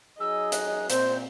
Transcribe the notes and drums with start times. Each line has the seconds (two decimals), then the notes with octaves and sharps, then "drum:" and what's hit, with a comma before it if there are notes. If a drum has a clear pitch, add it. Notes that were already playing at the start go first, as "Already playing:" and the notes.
0.20 F#3 D#4 G#4 D#5 E6
0.52 F#6, drum: hi-hat
0.90 A#2 C4 C5 G6, drum: hi-hat